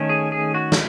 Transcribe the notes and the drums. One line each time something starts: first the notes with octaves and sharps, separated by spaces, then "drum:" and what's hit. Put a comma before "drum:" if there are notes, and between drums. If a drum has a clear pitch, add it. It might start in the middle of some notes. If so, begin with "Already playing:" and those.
Already playing: D#3 A3 C#4
G#4
G#4
F#4
drum: snare